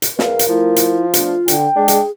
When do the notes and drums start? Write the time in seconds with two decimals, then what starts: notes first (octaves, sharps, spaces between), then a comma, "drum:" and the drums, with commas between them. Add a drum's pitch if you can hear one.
0.02 drum: hi-hat
0.19 E2 B3 A#4 F5, drum: snare
0.39 drum: hi-hat
0.49 F3 A3 E4
0.76 drum: hi-hat
1.14 B2 A3 D4 F4, drum: hi-hat
1.48 D3 G5, drum: hi-hat
1.76 G#3 D4 G#4
1.88 drum: hi-hat